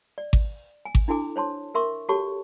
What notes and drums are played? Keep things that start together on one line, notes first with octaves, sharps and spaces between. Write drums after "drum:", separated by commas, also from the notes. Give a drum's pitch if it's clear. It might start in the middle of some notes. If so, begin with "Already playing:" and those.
D5
drum: kick G#1
G#5
drum: kick G#1
D4 E4 F#4 A4 G#5 D6
C5 C#5 A5 C6
A#4 E5 C6 C#6
F#4 G4 A4 C#5 A5 C#6